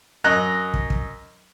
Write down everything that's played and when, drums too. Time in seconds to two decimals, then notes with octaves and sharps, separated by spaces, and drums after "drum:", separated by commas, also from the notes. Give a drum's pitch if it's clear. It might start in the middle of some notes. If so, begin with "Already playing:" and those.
0.24 F#2 D#5 A#5 F#6
0.74 drum: kick
0.90 drum: kick